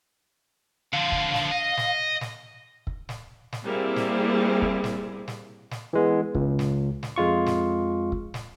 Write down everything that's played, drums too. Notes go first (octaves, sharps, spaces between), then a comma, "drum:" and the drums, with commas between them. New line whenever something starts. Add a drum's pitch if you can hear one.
D3 F3 F5
drum: kick
drum: snare
D#5
drum: snare
drum: snare
drum: kick
drum: snare
drum: snare
G3 A#3 C4 E4 G#4
drum: snare
drum: kick
drum: snare
drum: snare
drum: snare
E3 G#3 B3
C#2, drum: kick
drum: snare
drum: snare
F2 G#3 F4 C#6
drum: snare
drum: kick
drum: snare